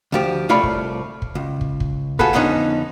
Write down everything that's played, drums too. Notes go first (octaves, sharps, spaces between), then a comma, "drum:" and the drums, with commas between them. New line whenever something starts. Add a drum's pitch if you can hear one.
D2 F3 G4
C2 A3 F4 C#5 D5 B5
drum: kick
drum: kick
C#2
drum: kick
drum: kick
F4 F#4 G#4 A4 B4, drum: kick
F2 D3 B3 C#4 D#4